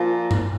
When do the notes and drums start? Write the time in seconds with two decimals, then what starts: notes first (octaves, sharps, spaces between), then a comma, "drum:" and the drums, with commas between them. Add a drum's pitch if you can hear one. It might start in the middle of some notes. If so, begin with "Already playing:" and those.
Already playing: A#2 F3
0.31 drum: tom G2